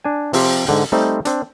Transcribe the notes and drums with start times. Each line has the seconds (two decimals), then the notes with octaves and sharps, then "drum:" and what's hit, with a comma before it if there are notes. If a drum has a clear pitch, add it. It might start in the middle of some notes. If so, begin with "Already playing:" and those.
0.04 D4 G#5
0.33 C3 F3 C4 G4 C5, drum: open hi-hat
0.67 G#2 D3 G5, drum: hi-hat
0.92 G3 A3 C4 D#4 C5
1.25 C4 D4, drum: hi-hat